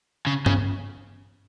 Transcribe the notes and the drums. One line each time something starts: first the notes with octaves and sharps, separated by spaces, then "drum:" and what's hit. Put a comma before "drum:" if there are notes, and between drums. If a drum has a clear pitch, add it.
C#3
C#3, drum: tom G2